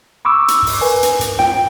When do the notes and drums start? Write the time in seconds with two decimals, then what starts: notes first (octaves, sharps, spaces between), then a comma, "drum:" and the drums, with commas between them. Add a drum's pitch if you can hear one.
0.25 B5 C#6 D6 E6
0.48 drum: hi-hat
0.66 drum: open hi-hat
0.81 A#4 B4 G#5
1.03 drum: hi-hat
1.21 drum: hi-hat
1.39 G5, drum: snare